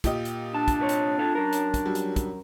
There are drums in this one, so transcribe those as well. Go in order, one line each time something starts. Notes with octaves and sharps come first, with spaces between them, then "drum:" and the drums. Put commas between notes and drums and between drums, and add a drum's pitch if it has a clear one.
A#2 G4 D#5, drum: kick, hi-hat
drum: hi-hat
D4 A5
drum: kick, hi-hat
C3 B4 C#5
drum: hi-hat
F4 A4
F#2 A#4
drum: hi-hat
drum: kick, hi-hat
F#3 G3
drum: hi-hat
drum: kick, hi-hat